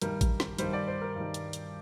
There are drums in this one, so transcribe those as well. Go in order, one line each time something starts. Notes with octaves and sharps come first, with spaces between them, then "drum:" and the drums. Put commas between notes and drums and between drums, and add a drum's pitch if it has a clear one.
G2 D#3 G3 A#4, drum: hi-hat
drum: kick A1, hi-hat
drum: snare
G2 D#3 G3 C5, drum: hi-hat
D5
C5
A#4
G2 D#3 G3
drum: hi-hat
drum: hi-hat